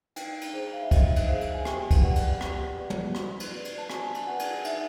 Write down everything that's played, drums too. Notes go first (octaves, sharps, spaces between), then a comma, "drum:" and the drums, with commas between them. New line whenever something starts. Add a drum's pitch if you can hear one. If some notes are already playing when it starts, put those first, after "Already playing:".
D#4 G5, drum: cymbal
drum: cymbal
G#4 C5
F5
E5
D#4 D#5, drum: kick, cymbal
drum: cymbal
G#4 C5 F5
drum: cymbal
G#5
G4 G5, drum: rim click
drum: kick, cymbal
B4 D5 F#5
drum: cymbal
G4, drum: rim click
B4 D5
drum: tom
F#4, drum: rim click
drum: cymbal
B4 D5
drum: cymbal
A5
F#4 G#5, drum: rim click
drum: cymbal
B4 D5 F#5
drum: cymbal
D#4 E5, drum: cymbal